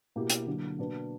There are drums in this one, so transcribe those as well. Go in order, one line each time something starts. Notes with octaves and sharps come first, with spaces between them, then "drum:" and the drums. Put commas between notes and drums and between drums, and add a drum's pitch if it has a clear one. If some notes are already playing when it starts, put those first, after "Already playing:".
B2 A#3 E4 G4
drum: hi-hat
D3 F#3 A#3 D4
B2 A#3 D4 F#4 B4